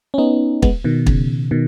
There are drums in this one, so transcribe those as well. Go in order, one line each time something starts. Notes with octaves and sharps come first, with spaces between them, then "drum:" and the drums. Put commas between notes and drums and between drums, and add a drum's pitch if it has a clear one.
C#4
B3 D#4
G#3 B3, drum: kick
B2 D#3
C#3, drum: kick
B2 D#3